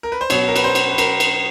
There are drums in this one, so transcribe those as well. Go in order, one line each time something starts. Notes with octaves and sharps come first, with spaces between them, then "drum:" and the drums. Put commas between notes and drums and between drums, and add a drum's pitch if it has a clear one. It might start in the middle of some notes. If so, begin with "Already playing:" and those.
A#4
B4
C5
B2 F#3 B3 C#5, drum: cymbal
A#4
B4, drum: cymbal
C5
drum: cymbal
B4
A#4, drum: cymbal
drum: cymbal